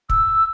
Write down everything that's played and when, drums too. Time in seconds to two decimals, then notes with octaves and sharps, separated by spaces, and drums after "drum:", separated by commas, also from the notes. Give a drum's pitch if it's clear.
0.10 E6, drum: kick